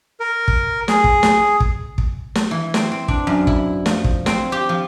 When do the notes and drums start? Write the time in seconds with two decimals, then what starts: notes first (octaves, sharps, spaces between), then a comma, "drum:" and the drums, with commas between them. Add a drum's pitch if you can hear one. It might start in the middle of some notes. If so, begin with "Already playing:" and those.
0.20 A#4
0.48 drum: kick
0.88 G#4, drum: snare
1.04 drum: kick
1.23 drum: snare
1.60 drum: kick
1.98 drum: kick
2.35 drum: snare
2.51 E3
2.74 C4, drum: snare
2.92 C4
3.08 D4, drum: kick
3.27 F#2
3.47 E4, drum: kick
3.86 F3, drum: snare
4.04 drum: kick
4.26 C4, drum: snare
4.52 G4
4.69 F3